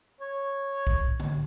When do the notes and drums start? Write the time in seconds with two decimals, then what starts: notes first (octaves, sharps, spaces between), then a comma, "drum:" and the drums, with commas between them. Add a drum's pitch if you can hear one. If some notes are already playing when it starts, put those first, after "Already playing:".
0.21 C#5
0.87 drum: kick B1
1.20 drum: tom D3